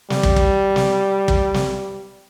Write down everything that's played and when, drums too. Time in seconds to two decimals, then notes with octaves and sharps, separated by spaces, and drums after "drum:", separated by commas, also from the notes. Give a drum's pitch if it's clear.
0.10 G3, drum: snare
0.23 drum: kick
0.37 drum: kick
0.76 drum: snare
1.28 drum: kick
1.54 drum: snare